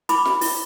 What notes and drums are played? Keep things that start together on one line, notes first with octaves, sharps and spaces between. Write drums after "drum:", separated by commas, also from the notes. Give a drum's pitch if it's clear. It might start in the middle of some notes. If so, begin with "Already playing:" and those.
E4 B5 D6, drum: hi-hat
drum: snare
E4, drum: open hi-hat